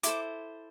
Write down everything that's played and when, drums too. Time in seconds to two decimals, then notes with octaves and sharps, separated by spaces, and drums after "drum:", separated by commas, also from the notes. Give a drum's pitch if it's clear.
0.03 E4 A4 C5 D6, drum: hi-hat